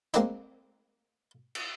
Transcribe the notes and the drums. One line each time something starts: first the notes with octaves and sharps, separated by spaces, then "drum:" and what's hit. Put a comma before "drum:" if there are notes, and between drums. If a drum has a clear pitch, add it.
G#3 A#3 C4 D4 D#4, drum: hi-hat
drum: cymbal